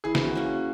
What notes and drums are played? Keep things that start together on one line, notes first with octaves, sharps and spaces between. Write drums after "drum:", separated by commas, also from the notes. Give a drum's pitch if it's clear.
E3 G#4
drum: snare
F#4
A#3 C#4
F#4